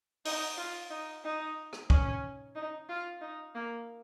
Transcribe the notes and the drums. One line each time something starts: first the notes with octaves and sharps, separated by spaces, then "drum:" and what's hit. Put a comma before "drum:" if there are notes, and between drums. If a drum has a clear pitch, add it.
D#4, drum: open hi-hat
F4
D#4
D#4
drum: rim click
C#4, drum: kick
D#4
F4
D#4
A#3